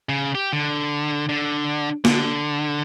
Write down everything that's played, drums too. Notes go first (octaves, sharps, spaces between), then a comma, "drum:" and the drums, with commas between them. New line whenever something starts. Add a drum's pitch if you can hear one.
C#3
G4
D3
D3
D3, drum: snare